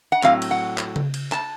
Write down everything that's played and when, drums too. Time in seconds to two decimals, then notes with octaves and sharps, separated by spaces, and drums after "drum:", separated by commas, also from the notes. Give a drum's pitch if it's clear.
0.12 F#5
0.23 A2 F#3 C4 F5, drum: clap
0.42 drum: cymbal
0.51 F#5
0.78 drum: clap
0.96 drum: tom C#3
1.14 drum: cymbal
1.32 A5, drum: clap